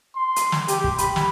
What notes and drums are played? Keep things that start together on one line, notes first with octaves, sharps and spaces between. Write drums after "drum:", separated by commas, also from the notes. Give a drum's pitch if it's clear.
C6
drum: hi-hat
drum: snare
G4, drum: hi-hat
drum: kick
B5, drum: hi-hat
drum: snare